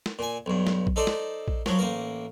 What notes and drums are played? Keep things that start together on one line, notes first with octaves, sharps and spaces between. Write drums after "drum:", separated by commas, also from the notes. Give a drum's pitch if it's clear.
drum: snare
A#2 G#5
B1 G2
drum: snare
drum: kick A#1
D#4 A4 C5 D5
drum: snare
drum: kick A#1
F#2 F3 F#3, drum: snare
A1 A#3 A#4